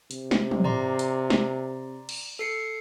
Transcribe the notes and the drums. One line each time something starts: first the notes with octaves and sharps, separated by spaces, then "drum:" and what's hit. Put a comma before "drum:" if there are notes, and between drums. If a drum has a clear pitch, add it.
C3, drum: hi-hat
drum: snare
drum: tom
D5 A#5 C6, drum: tom
drum: hi-hat
drum: snare
drum: cymbal
A4 C7 C#7